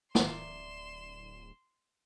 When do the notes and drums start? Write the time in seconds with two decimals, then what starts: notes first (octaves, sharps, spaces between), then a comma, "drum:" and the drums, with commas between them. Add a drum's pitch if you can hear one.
0.15 D1 D5 E5 A#5 C6 E7, drum: snare